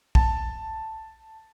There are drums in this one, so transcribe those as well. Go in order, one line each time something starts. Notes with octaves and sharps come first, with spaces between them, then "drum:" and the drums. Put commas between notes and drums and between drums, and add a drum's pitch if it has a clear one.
A5, drum: kick